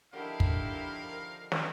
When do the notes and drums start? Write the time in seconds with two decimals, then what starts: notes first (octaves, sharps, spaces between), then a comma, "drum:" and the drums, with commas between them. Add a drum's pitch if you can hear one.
0.13 D3 D#3 F3 E4 G4 A#4 F5
0.40 drum: kick
1.52 drum: snare